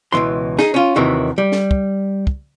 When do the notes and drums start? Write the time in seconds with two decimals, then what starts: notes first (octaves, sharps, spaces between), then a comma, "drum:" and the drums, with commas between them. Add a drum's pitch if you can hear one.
0.12 C#2 B2 D#3 E3 C6
0.59 D#4 G#4, drum: snare
0.74 C#4 F4
0.96 D#2 C3 D#3 E3 F#4
1.38 G3
1.52 drum: snare
1.71 drum: kick
2.27 drum: kick